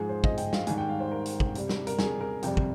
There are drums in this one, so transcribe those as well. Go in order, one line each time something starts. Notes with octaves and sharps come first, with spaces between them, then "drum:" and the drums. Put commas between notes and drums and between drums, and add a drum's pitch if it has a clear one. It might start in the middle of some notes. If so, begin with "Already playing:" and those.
Already playing: G#2 F3 G#3 G#4
C5
D#5, drum: kick
G5, drum: hi-hat
F5, drum: snare
G#2 D#3 G3 G#5, drum: hi-hat
G5
F5
C5
A#4
drum: hi-hat
drum: kick
C3 G3, drum: hi-hat
drum: snare
A#4, drum: hi-hat
G#4, drum: snare
A#4
F2 C3 G3 G5, drum: hi-hat
drum: kick